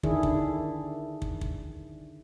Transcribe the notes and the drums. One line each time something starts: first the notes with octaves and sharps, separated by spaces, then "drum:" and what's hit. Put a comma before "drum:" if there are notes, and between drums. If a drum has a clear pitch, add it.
D3 D#3 D4 E4 G#4, drum: kick
drum: kick
drum: kick
drum: kick